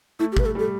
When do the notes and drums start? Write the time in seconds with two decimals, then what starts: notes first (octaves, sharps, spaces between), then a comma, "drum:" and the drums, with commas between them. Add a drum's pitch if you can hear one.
0.19 A3 E4
0.32 G4
0.37 G3, drum: kick
0.39 B4
0.46 A4
0.55 G3
0.59 A4